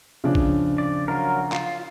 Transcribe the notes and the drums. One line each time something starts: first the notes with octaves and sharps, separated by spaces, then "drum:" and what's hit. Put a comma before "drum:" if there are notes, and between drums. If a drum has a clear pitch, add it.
C#3 F3 D4
drum: kick A1
D5
F#3 F4 A#4
F4, drum: clap